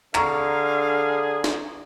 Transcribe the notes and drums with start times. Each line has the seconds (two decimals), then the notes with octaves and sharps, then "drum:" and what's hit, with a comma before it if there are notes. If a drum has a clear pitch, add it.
0.15 D3 G#4 F5 A#5 C#6, drum: clap
1.44 drum: snare